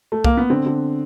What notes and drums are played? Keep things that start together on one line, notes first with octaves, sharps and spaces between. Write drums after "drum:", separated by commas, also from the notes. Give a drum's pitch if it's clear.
A3
A#3, drum: kick C2
B3
D3 C4
D3